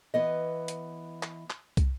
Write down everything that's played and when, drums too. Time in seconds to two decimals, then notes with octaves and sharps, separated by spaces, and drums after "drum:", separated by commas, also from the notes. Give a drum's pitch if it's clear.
0.14 E3 B3 D#5
0.68 drum: hi-hat
1.23 drum: clap
1.50 drum: clap
1.77 drum: kick, hi-hat